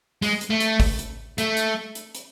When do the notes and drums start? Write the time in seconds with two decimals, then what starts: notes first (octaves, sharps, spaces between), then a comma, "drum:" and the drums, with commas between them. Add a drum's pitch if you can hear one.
0.22 G#3, drum: open hi-hat
0.41 drum: hi-hat
0.51 A3
0.60 drum: hi-hat
0.80 drum: kick, open hi-hat
0.99 drum: hi-hat
1.38 A3, drum: hi-hat
1.57 drum: hi-hat
1.95 drum: hi-hat
2.15 drum: hi-hat